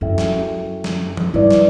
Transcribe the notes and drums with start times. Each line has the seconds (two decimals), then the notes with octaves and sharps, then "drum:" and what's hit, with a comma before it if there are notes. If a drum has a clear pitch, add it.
0.01 F#2 C#4 E4 A4 E5 G5
0.18 drum: snare
0.84 drum: snare
1.17 drum: tom E3
1.34 G2 E4 B4 D5
1.51 drum: snare